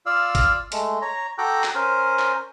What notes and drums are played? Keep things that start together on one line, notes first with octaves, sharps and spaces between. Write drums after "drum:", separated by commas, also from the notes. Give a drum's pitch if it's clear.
F4 D5 F5 E6
drum: kick G#1, hi-hat
G#3 A3, drum: hi-hat
C#5 A#5
F#4 A4 G5 A#5 D6 F#6
drum: clap
C#4 A#4 C5
drum: clap